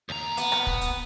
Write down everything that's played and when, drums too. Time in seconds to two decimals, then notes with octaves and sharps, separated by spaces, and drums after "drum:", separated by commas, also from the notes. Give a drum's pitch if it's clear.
0.09 D#2 A#5
0.37 B3, drum: hi-hat
0.52 drum: rim click
0.67 drum: kick
0.81 drum: hi-hat